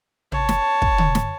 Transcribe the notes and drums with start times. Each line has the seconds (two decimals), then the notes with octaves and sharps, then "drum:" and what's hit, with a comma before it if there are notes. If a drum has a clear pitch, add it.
0.32 C#5 A5, drum: tom
0.49 drum: snare
0.82 drum: kick
0.98 drum: tom
1.15 drum: snare